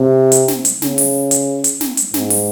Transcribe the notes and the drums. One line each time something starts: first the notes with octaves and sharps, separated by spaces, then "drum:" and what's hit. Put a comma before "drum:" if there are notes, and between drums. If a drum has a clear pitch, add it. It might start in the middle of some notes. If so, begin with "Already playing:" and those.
Already playing: C3
drum: hi-hat
drum: snare
drum: hi-hat
C#3, drum: snare
drum: open hi-hat
drum: hi-hat
drum: hi-hat
drum: snare
drum: hi-hat
G#2, drum: snare
drum: open hi-hat